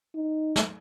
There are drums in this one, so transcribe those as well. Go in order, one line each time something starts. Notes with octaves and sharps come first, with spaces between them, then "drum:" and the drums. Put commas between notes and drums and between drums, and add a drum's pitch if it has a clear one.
D#4
drum: snare